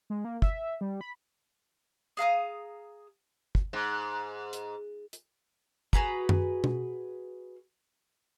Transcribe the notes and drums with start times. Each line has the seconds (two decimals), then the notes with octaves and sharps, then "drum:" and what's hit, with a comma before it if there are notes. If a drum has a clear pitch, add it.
0.10 G#3
0.25 A#3
0.42 E5, drum: kick
0.81 G3
1.01 B5
2.17 G#4 F5 A#5 D#6
3.55 drum: kick
3.73 G#2
4.53 drum: hi-hat
5.13 drum: hi-hat
5.93 F#4 G#4 B4 A#5, drum: kick
6.29 drum: tom F#2
6.64 drum: tom B2